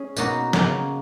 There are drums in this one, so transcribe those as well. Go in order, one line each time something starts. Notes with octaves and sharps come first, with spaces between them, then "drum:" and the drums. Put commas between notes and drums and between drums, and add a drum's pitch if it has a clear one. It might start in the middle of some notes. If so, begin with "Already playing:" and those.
Already playing: C#4 G#4
B2 A#3 D#4 F#4, drum: tambourine
C#3 F#3 A#3, drum: snare